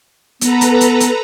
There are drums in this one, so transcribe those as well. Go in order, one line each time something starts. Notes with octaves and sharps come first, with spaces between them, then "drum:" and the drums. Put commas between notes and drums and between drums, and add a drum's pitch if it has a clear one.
B3 A4 B4 A#5, drum: hi-hat
drum: hi-hat
drum: hi-hat
drum: hi-hat